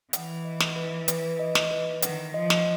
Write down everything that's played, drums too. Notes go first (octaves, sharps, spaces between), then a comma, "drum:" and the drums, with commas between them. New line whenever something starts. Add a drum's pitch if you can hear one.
E3 F#5, drum: hi-hat
D#5
drum: snare
B4
B4, drum: hi-hat
D#5
drum: snare
B4
D#3 F#5, drum: hi-hat
F3 D#5
drum: snare